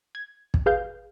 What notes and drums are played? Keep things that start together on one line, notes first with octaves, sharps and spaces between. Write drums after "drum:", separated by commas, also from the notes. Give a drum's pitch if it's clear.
G#6
drum: kick
G#4 B4 F5 G6